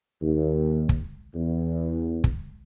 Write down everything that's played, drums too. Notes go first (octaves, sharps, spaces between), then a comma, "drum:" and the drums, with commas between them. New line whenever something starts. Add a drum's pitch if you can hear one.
D#2
drum: kick
E2
drum: kick